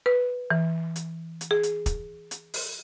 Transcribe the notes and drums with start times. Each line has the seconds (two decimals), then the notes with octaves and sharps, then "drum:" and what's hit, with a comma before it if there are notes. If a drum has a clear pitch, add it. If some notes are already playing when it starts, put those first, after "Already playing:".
0.06 B4
0.50 E3
0.96 drum: hi-hat
1.41 drum: hi-hat
1.51 G#4
1.63 drum: hi-hat
1.86 drum: kick, hi-hat
2.31 drum: hi-hat
2.54 drum: open hi-hat